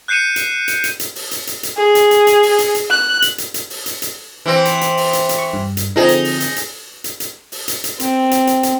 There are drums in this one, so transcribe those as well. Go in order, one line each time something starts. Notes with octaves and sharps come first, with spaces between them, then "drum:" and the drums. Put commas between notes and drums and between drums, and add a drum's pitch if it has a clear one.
F#6 G6 C7 C#7 D#7 E7
drum: hi-hat
drum: hi-hat
drum: hi-hat
drum: hi-hat
drum: open hi-hat
drum: hi-hat
drum: hi-hat
drum: hi-hat
G#4
drum: hi-hat
drum: hi-hat
drum: hi-hat
drum: open hi-hat
drum: hi-hat
drum: hi-hat
F#6
drum: hi-hat
drum: hi-hat
drum: hi-hat
drum: open hi-hat
drum: hi-hat
drum: hi-hat
E3 C4
drum: hi-hat
drum: hi-hat
drum: open hi-hat
drum: hi-hat
drum: hi-hat
C#6
G2
drum: hi-hat
D3 F3 C4 D#4 G#4
drum: hi-hat
drum: open hi-hat
drum: hi-hat
drum: hi-hat
drum: hi-hat
drum: hi-hat
drum: open hi-hat
drum: hi-hat
drum: hi-hat
C4, drum: hi-hat
drum: hi-hat
drum: hi-hat
drum: hi-hat